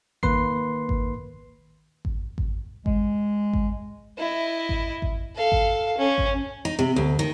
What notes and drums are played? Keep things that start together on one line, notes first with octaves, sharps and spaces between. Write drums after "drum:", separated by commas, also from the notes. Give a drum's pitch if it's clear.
D#3 A#3 B4 C6 C7, drum: kick G#1
drum: kick G#1
drum: kick G#1
drum: kick G#1
G#3, drum: kick G#1
drum: kick G#1
E4 D#5
drum: kick G#1
drum: kick G#1
A4 F5
drum: kick G#1
C#4
drum: kick G#1
D#4
C3
D2
D#3